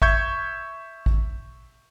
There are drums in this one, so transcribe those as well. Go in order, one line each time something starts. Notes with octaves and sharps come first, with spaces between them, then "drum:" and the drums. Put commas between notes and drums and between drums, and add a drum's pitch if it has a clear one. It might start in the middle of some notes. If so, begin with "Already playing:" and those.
E5 C#6 G6 G#6, drum: kick A1
drum: kick A1